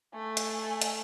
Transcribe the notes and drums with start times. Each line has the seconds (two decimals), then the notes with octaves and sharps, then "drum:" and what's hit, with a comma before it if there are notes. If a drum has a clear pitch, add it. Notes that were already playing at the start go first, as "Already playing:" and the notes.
0.15 A3 G#5
0.37 drum: hi-hat
0.82 drum: hi-hat